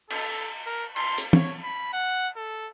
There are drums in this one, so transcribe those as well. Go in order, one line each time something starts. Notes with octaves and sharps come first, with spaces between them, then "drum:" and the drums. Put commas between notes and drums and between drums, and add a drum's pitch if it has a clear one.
A4, drum: cymbal
A#4
C6, drum: cymbal
drum: hi-hat
C#5, drum: tom
B5
F#5
A4